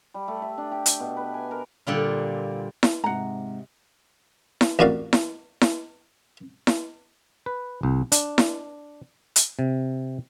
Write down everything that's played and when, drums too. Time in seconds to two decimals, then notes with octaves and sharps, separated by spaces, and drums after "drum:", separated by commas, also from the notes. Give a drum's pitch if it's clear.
0.14 G3
0.28 A3
0.42 E5
0.58 D4
0.72 G4
0.86 G5, drum: hi-hat
1.00 B2
1.17 B4
1.34 G#5
1.51 A#4
1.87 A#2 D3 G3 F4
2.83 drum: snare E4
3.04 G#2 C3 F#5 A#5
4.61 drum: snare E4
4.79 A1 F2 A#3 F#4 D5 F5
5.13 drum: snare E4
5.61 drum: snare E4
6.67 drum: snare E4
7.46 B4
7.83 C2
8.12 D4, drum: hi-hat
8.38 drum: snare E4
9.36 drum: hi-hat
9.59 C3